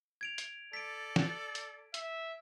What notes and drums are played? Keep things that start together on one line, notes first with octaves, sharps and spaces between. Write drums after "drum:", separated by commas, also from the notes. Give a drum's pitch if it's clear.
G#6 D7 F7
drum: hi-hat
A4 D5 B6 D7
drum: snare
drum: hi-hat
E5, drum: hi-hat